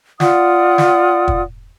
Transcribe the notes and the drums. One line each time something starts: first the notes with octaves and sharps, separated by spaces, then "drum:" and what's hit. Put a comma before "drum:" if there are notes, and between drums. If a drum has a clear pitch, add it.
F4 D5 F#5 D#6, drum: snare
drum: snare
drum: kick